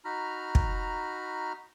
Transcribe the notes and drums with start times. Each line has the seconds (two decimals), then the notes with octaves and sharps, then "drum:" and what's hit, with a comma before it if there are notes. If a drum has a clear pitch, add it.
0.05 D#4 F#4 A#5 B5 F6
0.55 drum: kick